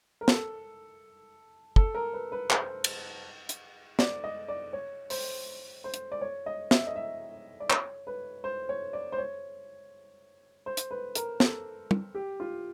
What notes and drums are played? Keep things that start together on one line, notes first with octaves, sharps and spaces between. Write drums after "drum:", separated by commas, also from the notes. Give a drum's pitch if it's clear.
A#4
A4, drum: snare
A4, drum: kick
A#4
B4
B4
C5, drum: clap
drum: cymbal
drum: hi-hat
D5, drum: snare
D#5
D5
C#5
C5, drum: open hi-hat
C5
drum: hi-hat
D5
C#5
D#5
E5, drum: snare
D#5
E5
D5
C#5, drum: clap
B4
C5
C#5
D5
C5
C#5
C5
drum: hi-hat
B4
A#4, drum: hi-hat
A4, drum: snare
drum: tom
G4
F4